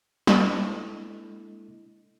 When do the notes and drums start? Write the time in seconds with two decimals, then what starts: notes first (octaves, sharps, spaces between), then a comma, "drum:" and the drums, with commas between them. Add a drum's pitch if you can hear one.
0.27 G#3 A#3 D4 E4 A4 D#5, drum: snare